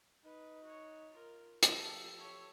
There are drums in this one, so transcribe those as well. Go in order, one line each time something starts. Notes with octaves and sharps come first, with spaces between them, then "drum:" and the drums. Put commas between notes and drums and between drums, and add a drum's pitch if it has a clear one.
D#4 B4
F#4 C#5
F4 A#4
F3 D#4 G4 A4 A5, drum: hi-hat
C#5 E5